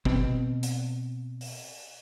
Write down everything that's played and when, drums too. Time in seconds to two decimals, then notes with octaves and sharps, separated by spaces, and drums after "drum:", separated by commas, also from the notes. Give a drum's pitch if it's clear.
0.05 B2 C4, drum: kick
0.63 drum: hi-hat
1.41 drum: open hi-hat